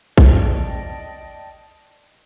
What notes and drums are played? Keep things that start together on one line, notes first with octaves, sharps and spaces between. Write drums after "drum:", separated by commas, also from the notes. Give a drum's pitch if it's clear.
D5 D#5 G5 A5, drum: kick